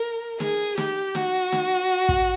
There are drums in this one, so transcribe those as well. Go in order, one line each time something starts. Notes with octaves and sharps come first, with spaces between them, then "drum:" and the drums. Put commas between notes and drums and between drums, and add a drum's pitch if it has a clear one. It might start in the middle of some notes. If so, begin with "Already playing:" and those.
Already playing: A#4
G#4, drum: snare
G4, drum: snare
F#4, drum: snare
drum: snare
drum: kick